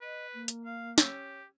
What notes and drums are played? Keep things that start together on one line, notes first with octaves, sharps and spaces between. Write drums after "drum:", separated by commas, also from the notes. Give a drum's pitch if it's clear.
B4 D#5
A#3
drum: hi-hat
F5
C#4 G4 E6, drum: snare